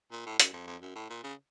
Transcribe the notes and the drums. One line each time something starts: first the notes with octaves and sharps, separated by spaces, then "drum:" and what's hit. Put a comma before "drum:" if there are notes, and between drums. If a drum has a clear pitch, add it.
A#2
A2
F#2, drum: hi-hat
F2
F2
F#2
A2
A#2
C#3